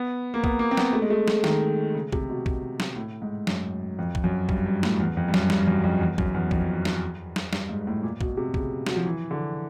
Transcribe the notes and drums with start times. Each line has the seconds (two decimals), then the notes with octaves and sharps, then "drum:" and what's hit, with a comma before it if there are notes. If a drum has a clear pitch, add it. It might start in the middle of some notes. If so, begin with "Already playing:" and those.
Already playing: B3
0.34 A#3
0.44 B3, drum: kick
0.59 A#3
0.71 C4
0.77 B3, drum: snare
0.93 A3
1.02 G#3
1.10 A3
1.28 drum: snare
1.44 D#3, drum: snare
1.95 C#3
2.13 C3, drum: kick
2.30 B2
2.46 drum: kick
2.80 drum: snare
2.96 A2
3.22 G#2
3.47 F#2, drum: snare
3.99 F2
4.15 drum: kick
4.24 F#2
4.49 G2, drum: kick
4.66 G2
4.83 A2, drum: snare
5.00 E2
5.17 F2
5.28 G2
5.34 F#2, drum: snare
5.50 G2, drum: snare
5.68 F#2
5.84 F2
6.01 E2
6.18 F#2, drum: kick
6.34 E2
6.51 F2, drum: kick
6.85 drum: snare
7.36 drum: snare
7.53 G2, drum: snare
7.69 G#2
7.87 A2
8.03 A#2
8.21 B2, drum: kick
8.37 C3
8.54 C#3, drum: kick
8.86 F#3, drum: snare
8.96 F3
9.06 E3
9.31 D3